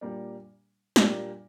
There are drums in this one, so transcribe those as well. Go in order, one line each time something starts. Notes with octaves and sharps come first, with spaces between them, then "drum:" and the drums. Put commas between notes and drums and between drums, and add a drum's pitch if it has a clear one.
A#2 G3 A#3 D4
A#2 G3 A#3 D4, drum: snare